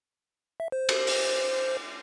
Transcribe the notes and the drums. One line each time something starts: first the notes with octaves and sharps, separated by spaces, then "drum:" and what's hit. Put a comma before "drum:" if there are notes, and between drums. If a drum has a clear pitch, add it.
E5
C5
drum: cymbal
drum: open hi-hat